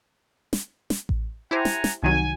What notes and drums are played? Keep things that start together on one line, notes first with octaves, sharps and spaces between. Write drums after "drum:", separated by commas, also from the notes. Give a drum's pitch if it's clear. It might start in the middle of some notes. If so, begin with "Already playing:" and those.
drum: snare
drum: snare
drum: kick A1
E4 G4 C5 F#5 G#5 A#5
drum: snare
drum: snare
C2 D#3 F#3 G#5